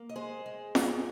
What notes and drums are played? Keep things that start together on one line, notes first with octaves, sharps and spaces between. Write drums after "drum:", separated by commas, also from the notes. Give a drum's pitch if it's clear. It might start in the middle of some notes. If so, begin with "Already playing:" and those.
Already playing: A#3
D#5
G#3 G#4 C5
G#3
G#2, drum: snare